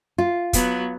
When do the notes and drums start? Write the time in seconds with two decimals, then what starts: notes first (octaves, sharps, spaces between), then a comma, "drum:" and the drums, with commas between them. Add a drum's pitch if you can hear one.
0.18 F4
0.53 F#3 B3, drum: kick, hi-hat